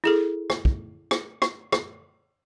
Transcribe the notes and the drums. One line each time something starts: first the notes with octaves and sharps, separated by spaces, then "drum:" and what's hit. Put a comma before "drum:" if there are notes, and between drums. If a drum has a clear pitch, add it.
E4 G#4 A4
drum: rim click
drum: kick
drum: rim click
drum: rim click
drum: rim click